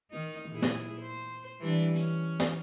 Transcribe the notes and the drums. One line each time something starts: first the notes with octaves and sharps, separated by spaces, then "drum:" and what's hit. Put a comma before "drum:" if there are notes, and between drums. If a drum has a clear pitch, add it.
D#3 D#4
A#2 E4 G#4
drum: snare
C5
E3 G3 D4
C#4, drum: hi-hat
drum: snare